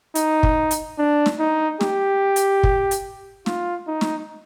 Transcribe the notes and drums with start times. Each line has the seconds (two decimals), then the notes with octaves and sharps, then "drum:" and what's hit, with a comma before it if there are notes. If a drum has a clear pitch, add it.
0.15 D#4, drum: hi-hat
0.43 drum: kick
0.71 drum: hi-hat
0.98 D4
1.26 drum: snare
1.39 D#4
1.81 G4, drum: snare
2.36 drum: hi-hat
2.63 drum: kick
2.91 drum: hi-hat
3.46 F4, drum: snare
3.87 D#4
4.01 drum: snare